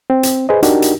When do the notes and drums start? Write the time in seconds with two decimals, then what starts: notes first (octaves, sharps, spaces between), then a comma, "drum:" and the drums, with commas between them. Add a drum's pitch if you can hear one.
0.10 C4
0.23 drum: hi-hat
0.49 G#4 B4 C5 D#5
0.63 D4 D#4 F#4 G4 A#4, drum: hi-hat
0.82 drum: hi-hat